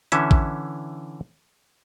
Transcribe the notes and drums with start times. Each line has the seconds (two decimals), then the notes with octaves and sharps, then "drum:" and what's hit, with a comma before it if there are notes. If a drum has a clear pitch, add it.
0.12 D3 E3 C#4 E5, drum: hi-hat
0.31 drum: kick A1